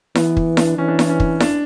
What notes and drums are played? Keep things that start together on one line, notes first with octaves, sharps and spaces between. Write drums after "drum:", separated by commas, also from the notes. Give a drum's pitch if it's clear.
E3 B3, drum: snare E4
drum: kick
D4, drum: snare E4
E3 C#4
D4
C#4, drum: snare E4
C#4
drum: kick
D4, drum: snare E4